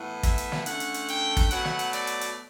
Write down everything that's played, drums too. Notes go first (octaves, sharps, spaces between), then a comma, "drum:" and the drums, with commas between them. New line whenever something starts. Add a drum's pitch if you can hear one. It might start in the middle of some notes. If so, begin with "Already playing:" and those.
Already playing: A2 E3 B3
E5, drum: kick, hi-hat
drum: hi-hat
drum: snare
D3 A3 C#4 F#5, drum: hi-hat
drum: hi-hat
drum: hi-hat
G5, drum: hi-hat
drum: kick, hi-hat
B2 F#3 A3 F#5, drum: hi-hat
drum: snare
drum: hi-hat
D5, drum: hi-hat
drum: hi-hat
drum: hi-hat